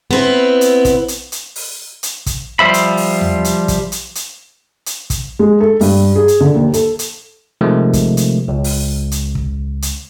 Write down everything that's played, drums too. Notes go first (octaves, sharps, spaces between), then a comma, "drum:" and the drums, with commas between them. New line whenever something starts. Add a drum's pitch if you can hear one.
B3 C4 E4
drum: hi-hat
drum: kick, hi-hat
drum: hi-hat
drum: hi-hat
drum: open hi-hat
drum: hi-hat
drum: kick, hi-hat
F3 G3 C5 E5 B5
drum: hi-hat
drum: open hi-hat
drum: tom E2
drum: hi-hat
drum: kick, hi-hat
drum: hi-hat
drum: hi-hat
drum: hi-hat
drum: kick, hi-hat
G#3
A4
G2, drum: open hi-hat
G#4
drum: hi-hat
D3
D#2
A4, drum: hi-hat
drum: hi-hat
C3 D#3 F3 G#3 A3
drum: kick, hi-hat
drum: hi-hat
C#2
drum: open hi-hat
drum: hi-hat
drum: kick
drum: hi-hat